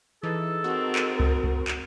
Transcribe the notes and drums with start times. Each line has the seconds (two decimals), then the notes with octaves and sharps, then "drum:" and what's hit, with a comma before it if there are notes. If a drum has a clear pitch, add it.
0.23 E3 D#4 G#4 A4
0.64 C4 F#4 A#4
0.96 drum: clap
1.20 drum: kick C2
1.44 drum: kick C2
1.68 drum: clap